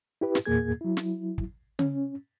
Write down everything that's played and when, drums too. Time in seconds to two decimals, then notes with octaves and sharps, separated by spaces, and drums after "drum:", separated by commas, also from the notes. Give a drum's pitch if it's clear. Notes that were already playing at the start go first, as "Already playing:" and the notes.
0.21 E4 G4 B4
0.35 drum: snare
0.46 E2 A#2 A#3 G#4 G#6
0.81 F#3 E4
0.97 drum: snare
1.38 drum: kick
1.79 C#4, drum: tom C#3